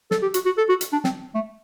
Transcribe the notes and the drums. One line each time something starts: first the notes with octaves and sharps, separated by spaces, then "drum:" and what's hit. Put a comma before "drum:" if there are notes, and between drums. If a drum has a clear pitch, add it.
A4, drum: snare
G4
F#4, drum: hi-hat
F#4
A4
F#4
drum: hi-hat
D4
C4, drum: snare
A3